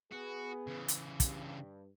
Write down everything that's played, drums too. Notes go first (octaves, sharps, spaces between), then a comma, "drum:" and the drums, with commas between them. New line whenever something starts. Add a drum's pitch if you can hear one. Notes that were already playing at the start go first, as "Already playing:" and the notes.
B3 F#4 G#4
C#3 E3
drum: hi-hat
G2, drum: kick, hi-hat